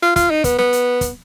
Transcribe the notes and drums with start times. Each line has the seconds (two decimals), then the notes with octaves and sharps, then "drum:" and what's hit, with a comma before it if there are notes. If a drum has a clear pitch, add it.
0.02 F4
0.16 F4, drum: kick, hi-hat
0.31 D#4
0.44 B3, drum: kick, hi-hat
0.58 B3, drum: snare
0.73 drum: hi-hat
1.01 drum: kick, hi-hat